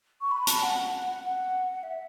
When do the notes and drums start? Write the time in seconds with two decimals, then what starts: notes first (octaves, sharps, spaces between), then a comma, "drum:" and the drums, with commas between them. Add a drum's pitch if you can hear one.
0.21 C#6
0.31 B5
0.47 A5, drum: hi-hat
0.63 F#5
1.24 F#5
1.83 E5